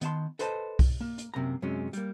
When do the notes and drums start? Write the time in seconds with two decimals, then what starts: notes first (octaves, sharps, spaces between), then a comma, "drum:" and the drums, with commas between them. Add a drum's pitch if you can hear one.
0.01 D#3 B3 D#5 A5 C6, drum: hi-hat
0.39 A4 B4 C5 D#5 A5, drum: hi-hat
0.79 drum: kick C2, open hi-hat
1.01 A#3
1.18 drum: hi-hat
1.34 F#2 C3 A#3 A#5
1.62 F#2 C3 F#3 G#3 C#4
1.93 G3 A#3, drum: hi-hat